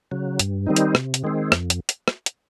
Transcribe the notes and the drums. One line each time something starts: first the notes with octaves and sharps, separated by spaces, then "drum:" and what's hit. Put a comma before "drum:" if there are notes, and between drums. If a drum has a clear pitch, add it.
C#3 F#3
G2, drum: hi-hat
D#3 G3 C4 D#4
drum: hi-hat
C3, drum: rim click
drum: hi-hat
D#3 G#3 C4
F2, drum: rim click
drum: hi-hat
drum: hi-hat
drum: rim click
drum: hi-hat